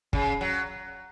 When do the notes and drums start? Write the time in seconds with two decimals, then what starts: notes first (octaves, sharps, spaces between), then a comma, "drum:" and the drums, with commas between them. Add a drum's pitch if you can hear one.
0.13 C#3, drum: kick
0.41 F#3